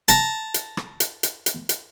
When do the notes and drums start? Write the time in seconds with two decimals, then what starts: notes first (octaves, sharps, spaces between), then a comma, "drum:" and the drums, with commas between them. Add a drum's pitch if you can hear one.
0.08 A5 A#5, drum: hi-hat
0.54 drum: hi-hat
0.77 drum: rim click
1.00 drum: hi-hat
1.23 drum: hi-hat
1.46 drum: hi-hat
1.69 drum: hi-hat